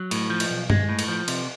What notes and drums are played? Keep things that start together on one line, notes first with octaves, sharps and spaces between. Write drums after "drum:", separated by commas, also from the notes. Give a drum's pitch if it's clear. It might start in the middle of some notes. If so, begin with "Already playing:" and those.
Already playing: F#3
A2, drum: cymbal
F3
drum: cymbal
B1
G#3, drum: tom G2
A2
drum: cymbal
F3
C3, drum: cymbal